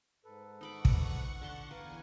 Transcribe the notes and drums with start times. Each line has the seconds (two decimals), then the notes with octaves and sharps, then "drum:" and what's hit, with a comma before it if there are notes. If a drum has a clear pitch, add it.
0.25 G#2 A4 B4
0.61 D#4 F#5 B5 C#6 D6
0.85 drum: kick
1.41 D3 A5 C6
1.71 E2 B4 F5 G#5 A#5 D6